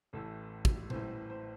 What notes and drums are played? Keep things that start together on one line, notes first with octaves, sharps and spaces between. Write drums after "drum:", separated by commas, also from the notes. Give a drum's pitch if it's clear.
A1 A2 E3 A4
drum: kick
A1 A2 E3 C5, drum: tom A#2
C5